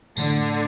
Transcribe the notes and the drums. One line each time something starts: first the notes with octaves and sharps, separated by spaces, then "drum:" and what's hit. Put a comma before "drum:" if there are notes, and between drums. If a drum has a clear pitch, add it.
A2 D3, drum: tambourine